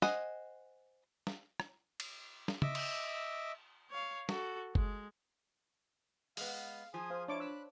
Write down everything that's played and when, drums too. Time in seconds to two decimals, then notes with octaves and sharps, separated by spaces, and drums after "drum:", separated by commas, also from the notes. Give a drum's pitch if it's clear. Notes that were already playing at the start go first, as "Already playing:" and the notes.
0.02 C5 D#5 F#5 G#5, drum: snare
1.27 drum: snare
1.60 drum: rim click
2.00 drum: cymbal
2.48 drum: snare
2.62 D#5 E5 D6 E6, drum: tom
2.75 drum: cymbal
3.91 C#5 F5
4.29 F#4 A4, drum: snare
4.75 G#3, drum: kick G1
6.37 G#3 B3 F5, drum: open hi-hat
6.94 F3 G#4 G#5 D#6
7.10 C5 F5
7.28 D4 E4 C5 C#5 A5 D6
7.40 B5 E6 F#6